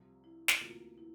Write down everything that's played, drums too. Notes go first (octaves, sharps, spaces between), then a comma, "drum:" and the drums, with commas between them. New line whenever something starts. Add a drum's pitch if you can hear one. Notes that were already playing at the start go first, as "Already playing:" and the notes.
Already playing: C2 C3 F3
E4
drum: snare
D2 C3 E3 A#3 F4
E4